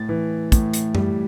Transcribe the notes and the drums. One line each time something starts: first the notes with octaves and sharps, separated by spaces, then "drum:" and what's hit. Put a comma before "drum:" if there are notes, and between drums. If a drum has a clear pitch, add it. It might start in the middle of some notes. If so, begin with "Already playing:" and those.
Already playing: A2 A6
E3
A2, drum: kick, hi-hat
drum: hi-hat
G3, drum: tom F#2